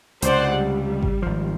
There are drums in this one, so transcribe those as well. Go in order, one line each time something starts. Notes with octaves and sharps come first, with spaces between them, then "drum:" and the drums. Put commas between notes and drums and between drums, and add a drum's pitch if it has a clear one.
C#2 C3 C5 D5 F#5, drum: hi-hat
G3
drum: kick G#1
G#1 F3